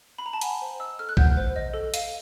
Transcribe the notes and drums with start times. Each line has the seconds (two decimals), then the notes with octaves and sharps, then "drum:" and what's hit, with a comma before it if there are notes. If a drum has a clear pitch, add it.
0.19 B5
0.26 A#5
0.33 A5
0.41 F#5 G#5, drum: hi-hat
0.62 C5
0.79 D#5 E6
0.99 A4 F6
1.09 F#6
1.17 F#5 G6, drum: kick A#1
1.37 C5
1.56 D#5
1.74 A4
1.94 F5, drum: hi-hat